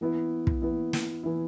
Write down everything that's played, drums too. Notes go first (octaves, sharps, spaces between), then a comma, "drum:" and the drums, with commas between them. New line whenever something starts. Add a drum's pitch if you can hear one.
E3 B3 E4
drum: kick
E3 B3 E4
drum: snare
E3 B3 E4